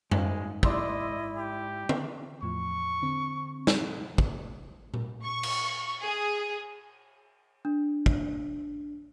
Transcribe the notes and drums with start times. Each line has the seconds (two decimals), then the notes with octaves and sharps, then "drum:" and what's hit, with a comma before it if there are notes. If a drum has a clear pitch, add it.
0.11 G#2 G#3, drum: tom F#2
0.63 E4 D5 D#5 C6 E6, drum: kick
1.37 G4
1.89 drum: tom D3
2.42 E2 A2 F3 C#6
3.02 D3 C4
3.67 drum: snare
4.18 drum: kick
4.94 drum: tom A#2
5.23 C#6
5.43 drum: cymbal
6.06 G#4
7.65 D4
8.06 drum: kick